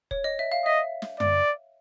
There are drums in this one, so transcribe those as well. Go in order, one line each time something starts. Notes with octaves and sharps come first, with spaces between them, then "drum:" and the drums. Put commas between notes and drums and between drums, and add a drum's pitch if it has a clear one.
C#5, drum: kick
D#5
E5
F5
D#5 E5
drum: snare
D5, drum: tom F#2